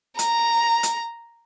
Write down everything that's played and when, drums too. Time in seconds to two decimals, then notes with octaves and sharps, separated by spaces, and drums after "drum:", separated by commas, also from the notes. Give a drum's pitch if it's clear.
0.19 A#5, drum: hi-hat
0.83 drum: hi-hat